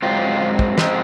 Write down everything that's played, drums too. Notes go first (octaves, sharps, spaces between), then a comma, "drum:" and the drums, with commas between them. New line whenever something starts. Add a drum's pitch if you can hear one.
G#2 F#3 C4 F4
drum: kick
G#2 F3 G#3 C4, drum: snare